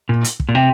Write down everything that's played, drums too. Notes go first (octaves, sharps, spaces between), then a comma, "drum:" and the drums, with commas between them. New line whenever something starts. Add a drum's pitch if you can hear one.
A#2
drum: hi-hat
drum: kick
A#2
C3 G5